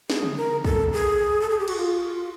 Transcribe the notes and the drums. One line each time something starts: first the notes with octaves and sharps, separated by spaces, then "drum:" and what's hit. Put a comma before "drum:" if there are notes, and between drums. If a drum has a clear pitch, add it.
G#4, drum: snare
drum: tom C#3
A#4
A4, drum: kick
G#4
A4
G#4
G4
F#4, drum: cymbal
F4